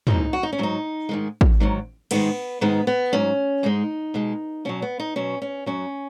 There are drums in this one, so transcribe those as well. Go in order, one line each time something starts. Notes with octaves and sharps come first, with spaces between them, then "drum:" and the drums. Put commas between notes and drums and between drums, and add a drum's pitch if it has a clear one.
G#2 G#3 D#4, drum: tom
F#4
D#4
C#4
G#2 F#3 D#4
G#2 D#3 G#3
drum: kick
G#2 D#3 F#3
G#2 D#3 G#3 B3, drum: cymbal
G#2 D#3 G#3 B3
B3
G#2 F#3 C#4
G#2 G#3 D#4
B2 G#3
B2 F#3 C#4
B3
D#4
B2 F#3 C#4
C#4
F#2 F#3 C#4